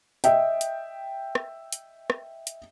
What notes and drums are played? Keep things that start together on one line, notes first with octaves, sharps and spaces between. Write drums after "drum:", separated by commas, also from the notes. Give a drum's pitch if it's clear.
D#5 E5 G5, drum: hi-hat
drum: hi-hat
drum: rim click
drum: hi-hat
drum: rim click
drum: hi-hat